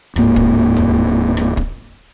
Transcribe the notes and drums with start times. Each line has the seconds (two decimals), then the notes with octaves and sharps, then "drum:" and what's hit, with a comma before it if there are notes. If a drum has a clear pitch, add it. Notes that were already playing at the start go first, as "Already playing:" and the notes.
0.16 D1 G#2 A#3, drum: rim click
0.36 drum: kick
0.76 drum: tom D#2
1.37 drum: rim click
1.57 drum: kick